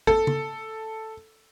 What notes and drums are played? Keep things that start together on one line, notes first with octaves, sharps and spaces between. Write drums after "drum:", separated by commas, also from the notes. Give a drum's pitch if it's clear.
A4, drum: kick
drum: tom C#3